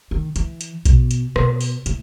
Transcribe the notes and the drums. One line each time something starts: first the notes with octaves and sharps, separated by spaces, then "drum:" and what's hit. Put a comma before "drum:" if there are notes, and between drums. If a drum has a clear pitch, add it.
D#3
E3, drum: hi-hat
drum: hi-hat
B2, drum: kick A#1, hi-hat
drum: hi-hat
B2, drum: rim click
drum: open hi-hat
A2, drum: hi-hat